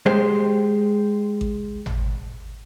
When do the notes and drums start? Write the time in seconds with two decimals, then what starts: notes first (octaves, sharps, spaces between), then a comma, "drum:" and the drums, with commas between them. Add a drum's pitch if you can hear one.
0.06 G#3 G4 C5
1.41 drum: kick A1
1.86 drum: tom G#1